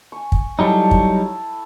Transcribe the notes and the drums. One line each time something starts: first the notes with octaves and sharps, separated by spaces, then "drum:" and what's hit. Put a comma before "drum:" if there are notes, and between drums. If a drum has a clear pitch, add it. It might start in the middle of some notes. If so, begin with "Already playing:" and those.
G#5 C#6
drum: kick
F#3 G3 D#4 E4 A4 A5
drum: kick